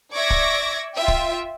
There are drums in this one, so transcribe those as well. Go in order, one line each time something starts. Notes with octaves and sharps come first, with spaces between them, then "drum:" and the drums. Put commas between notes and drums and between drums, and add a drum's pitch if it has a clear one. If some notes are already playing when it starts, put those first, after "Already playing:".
D5 E5 C#6 D6 G#6 A#6
drum: kick C#1
F4 E5 G5
drum: kick C#1